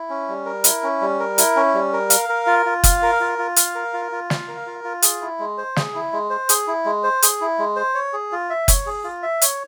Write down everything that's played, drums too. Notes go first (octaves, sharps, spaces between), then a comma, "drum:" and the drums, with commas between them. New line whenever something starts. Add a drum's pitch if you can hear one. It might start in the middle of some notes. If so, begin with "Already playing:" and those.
Already playing: E4
C#4
G3
A#4
E4, drum: hi-hat
C#4
G3
A#4
E4, drum: hi-hat
C#4
G3
A#4
F5, drum: hi-hat
A#4
F4
F4
F5, drum: kick F#1, hi-hat
A#4
F4
F4
F5, drum: hi-hat
A#4
F4
F4
F5, drum: snare
A#4
F4
F4
G#4, drum: hi-hat
E4
G#3
C5
G#4, drum: snare
E4
G#3
C5
G#4, drum: hi-hat
E4
G#3
C5
G#4, drum: hi-hat
E4
G#3
C5
C#5
G#4
F4
E5
C#5, drum: kick F#1, hi-hat
G#4
F4
E5
C#5, drum: hi-hat